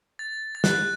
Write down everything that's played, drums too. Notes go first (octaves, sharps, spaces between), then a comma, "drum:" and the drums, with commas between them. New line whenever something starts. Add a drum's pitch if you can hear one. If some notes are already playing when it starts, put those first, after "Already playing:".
A6
A6
F#6, drum: snare